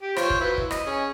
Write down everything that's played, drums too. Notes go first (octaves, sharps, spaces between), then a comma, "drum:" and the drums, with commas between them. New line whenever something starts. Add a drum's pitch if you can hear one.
G4
F4 C5 C#5, drum: rim click
drum: kick
F#3 E4 B4
drum: kick
D#5, drum: rim click
C#4 G#4